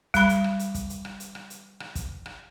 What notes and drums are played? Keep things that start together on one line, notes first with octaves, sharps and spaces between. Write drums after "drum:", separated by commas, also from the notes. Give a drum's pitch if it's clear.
G3 B5, drum: kick, hi-hat
drum: hi-hat
drum: rim click
drum: hi-hat
drum: kick, hi-hat
drum: hi-hat
drum: rim click
drum: hi-hat
drum: rim click
drum: hi-hat
drum: rim click
drum: kick, hi-hat
drum: rim click